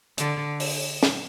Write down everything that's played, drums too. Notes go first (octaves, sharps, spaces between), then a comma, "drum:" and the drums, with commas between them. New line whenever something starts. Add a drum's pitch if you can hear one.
D3, drum: hi-hat
drum: open hi-hat
drum: snare